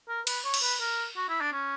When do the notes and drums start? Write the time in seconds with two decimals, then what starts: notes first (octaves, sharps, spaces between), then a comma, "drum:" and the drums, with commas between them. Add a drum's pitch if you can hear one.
0.09 A#4
0.27 B4, drum: cymbal
0.45 C#5
0.54 drum: cymbal
0.63 B4
0.81 A#4
1.17 F#4
1.29 E4
1.41 D4
1.53 C#4